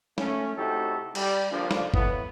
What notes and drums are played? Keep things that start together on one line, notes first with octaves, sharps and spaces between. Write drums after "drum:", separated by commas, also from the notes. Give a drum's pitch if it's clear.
A3 C#4, drum: snare
A2 C3 D#4 F#4 G4 A4
G3, drum: cymbal
D3 F3 A#3 D4
drum: snare
A2 B3, drum: kick G1